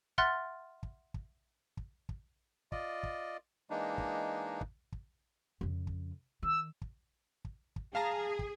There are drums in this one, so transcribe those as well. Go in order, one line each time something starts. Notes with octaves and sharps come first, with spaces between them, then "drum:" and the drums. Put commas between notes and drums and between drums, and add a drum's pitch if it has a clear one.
E5 F#5 C6 F6 F#6 A6, drum: kick
drum: kick
drum: kick
drum: kick
drum: kick
F4 D5 D#5, drum: kick
drum: kick
E3 G#3 A#3 D4 D#4
drum: kick
drum: kick
drum: kick
F2 C#3
drum: kick
D#3 E6
drum: kick
drum: kick
drum: kick
G#4 F5 A5 A#5
drum: kick